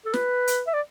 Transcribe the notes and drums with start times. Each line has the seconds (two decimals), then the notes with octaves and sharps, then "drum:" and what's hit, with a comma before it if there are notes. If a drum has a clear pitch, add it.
0.06 A4
0.14 B4, drum: snare
0.47 drum: hi-hat
0.67 E5
0.73 D5